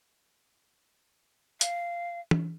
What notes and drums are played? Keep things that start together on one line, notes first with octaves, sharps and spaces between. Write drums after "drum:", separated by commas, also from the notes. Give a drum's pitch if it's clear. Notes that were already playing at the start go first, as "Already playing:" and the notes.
F5, drum: hi-hat
drum: tom